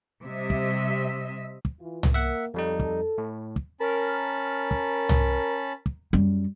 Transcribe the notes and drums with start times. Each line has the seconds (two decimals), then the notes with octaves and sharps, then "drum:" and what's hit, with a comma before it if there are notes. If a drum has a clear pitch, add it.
0.24 C3 G3 D#5 E5
0.50 drum: kick
1.65 drum: kick
1.80 E3 F4
2.03 drum: tom C2
2.14 A#3 A#4 E5 F#5
2.54 F2 G3 D#4 A4
2.80 drum: kick
3.18 A2
3.56 drum: kick
3.80 C#4 A#4 A5 B5
4.71 drum: kick
5.09 drum: tom C2
5.86 drum: kick
6.13 F#2 G3